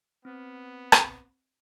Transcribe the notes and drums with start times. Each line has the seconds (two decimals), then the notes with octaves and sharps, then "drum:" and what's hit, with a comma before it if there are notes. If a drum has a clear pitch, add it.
0.25 B3 C4
0.92 drum: rim click